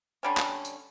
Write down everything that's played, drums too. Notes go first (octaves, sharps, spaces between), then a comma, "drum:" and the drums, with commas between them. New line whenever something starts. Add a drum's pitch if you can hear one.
D3 G3 C#4
drum: clap
drum: tambourine